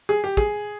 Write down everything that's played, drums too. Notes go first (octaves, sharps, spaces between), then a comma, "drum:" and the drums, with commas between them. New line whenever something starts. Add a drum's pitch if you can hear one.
G#4
G4
G#4, drum: kick, hi-hat